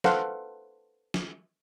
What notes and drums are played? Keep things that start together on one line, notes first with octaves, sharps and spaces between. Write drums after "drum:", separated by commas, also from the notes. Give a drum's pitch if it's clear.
A4 B4 C5 F5 F#5, drum: snare
drum: snare